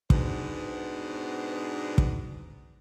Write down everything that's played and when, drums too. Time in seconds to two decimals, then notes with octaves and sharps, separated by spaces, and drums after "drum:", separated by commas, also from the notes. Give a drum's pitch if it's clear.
0.10 G#2 B2 B3 D4 C5, drum: kick
1.98 drum: kick